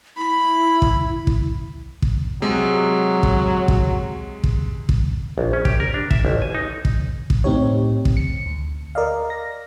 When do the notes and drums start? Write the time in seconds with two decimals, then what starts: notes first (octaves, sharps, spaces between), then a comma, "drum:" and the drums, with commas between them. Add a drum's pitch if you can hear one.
0.17 E4 B5
0.82 drum: kick
1.27 drum: kick
2.02 drum: kick
2.42 C3 F#3 G#3
3.23 drum: kick
3.68 drum: kick
4.44 drum: kick
4.89 drum: kick
5.38 A#1
5.53 C#4
5.65 G4, drum: kick
5.80 A#4
5.94 D4
6.11 E5, drum: kick
6.25 A1
6.42 G#5
6.55 D#4
6.85 drum: kick
7.30 drum: kick
7.44 A2 C4 D#4 G4 C#5
8.05 drum: kick
8.17 C#7
8.46 D2
8.95 A#4 D5 D#5 F5
9.30 A#6